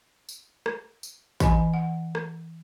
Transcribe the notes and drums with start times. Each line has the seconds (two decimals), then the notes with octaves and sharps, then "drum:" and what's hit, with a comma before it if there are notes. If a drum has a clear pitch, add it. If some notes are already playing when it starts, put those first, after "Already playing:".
0.29 drum: tambourine
0.66 drum: rim click
1.03 drum: tambourine
1.40 E3 D#5 G#5 B5, drum: kick A1, tambourine
1.74 F#5
2.15 drum: rim click